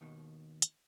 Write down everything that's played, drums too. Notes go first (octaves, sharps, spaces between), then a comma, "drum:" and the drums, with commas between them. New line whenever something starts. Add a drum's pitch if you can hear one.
D#2 B2 D#3
drum: hi-hat